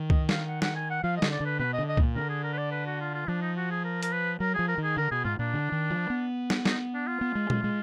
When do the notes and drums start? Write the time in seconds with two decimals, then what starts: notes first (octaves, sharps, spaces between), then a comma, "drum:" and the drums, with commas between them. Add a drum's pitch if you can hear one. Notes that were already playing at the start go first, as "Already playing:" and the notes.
Already playing: D#3
0.10 D#5, drum: kick C#2
0.29 F5, drum: snare
0.48 F#5
0.62 F#5, drum: snare
0.75 G#5
0.90 F#5
1.04 F3 F5
1.17 D#5
1.22 D3, drum: snare
1.32 D5
1.40 D3
1.46 B4
1.59 B2 B4
1.73 D#5
1.79 D3
1.88 D#5
1.97 A#2, drum: kick C#2
2.16 D3 A#4
2.29 G#4
2.44 A#4
2.53 B4
2.58 D5
2.72 B4
2.86 F#4
3.01 F4
3.15 F4
3.28 F3 D4
3.42 D#4
3.57 F#4
3.71 G#4
3.84 A#4
4.03 A#4, drum: hi-hat
4.12 B4
4.40 F#3 A#4
4.54 F3 G#4
4.68 A#4
4.78 D#3
4.83 G#4
4.97 D3 A#4
5.11 B2 G#4
5.24 G#2 F4
5.39 A#2 D4
5.54 D3
5.72 D#3
5.90 F3
6.10 B3
6.50 drum: snare
6.65 D#4, drum: snare
6.94 D4
7.07 F4
7.21 B3
7.35 G#3
7.50 G#3, drum: tom A#2
7.64 G#3